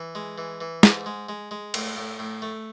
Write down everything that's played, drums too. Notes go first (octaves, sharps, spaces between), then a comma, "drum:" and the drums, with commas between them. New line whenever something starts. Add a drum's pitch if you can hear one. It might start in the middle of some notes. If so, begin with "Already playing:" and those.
Already playing: E3
G#3
E3
E3
G#2, drum: snare
G#3
G#3
G#3
A2, drum: cymbal
A2
A2
A3